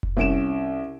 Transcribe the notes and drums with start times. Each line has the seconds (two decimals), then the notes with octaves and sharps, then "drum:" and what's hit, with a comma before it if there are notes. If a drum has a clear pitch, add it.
0.03 drum: kick F1
0.17 C2 C#4 D7 E7